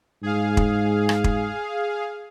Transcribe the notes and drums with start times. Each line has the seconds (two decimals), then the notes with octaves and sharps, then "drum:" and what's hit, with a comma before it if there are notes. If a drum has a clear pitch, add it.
0.23 G#2 G#4 F5
0.57 drum: kick
1.09 drum: rim click
1.24 drum: kick